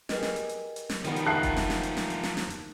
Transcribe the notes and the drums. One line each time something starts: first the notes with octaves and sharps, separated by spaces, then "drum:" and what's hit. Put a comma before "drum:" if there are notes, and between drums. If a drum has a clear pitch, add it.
G3 G#4 A#4 B4 D#5, drum: snare
drum: snare
drum: hi-hat
drum: hi-hat
drum: hi-hat
drum: snare
D#3 F3 G3 B3 D#4, drum: hi-hat
drum: hi-hat
E5 G5 A5 F#6 C7
drum: kick F1, hi-hat
drum: snare
drum: snare
drum: hi-hat
drum: snare
drum: hi-hat
drum: snare
drum: snare
drum: hi-hat